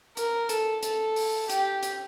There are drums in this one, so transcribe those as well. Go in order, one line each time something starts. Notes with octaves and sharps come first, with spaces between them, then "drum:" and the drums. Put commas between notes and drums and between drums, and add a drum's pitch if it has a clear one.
A#4, drum: hi-hat
A4, drum: hi-hat
A4, drum: hi-hat
drum: open hi-hat
G4, drum: hi-hat
drum: hi-hat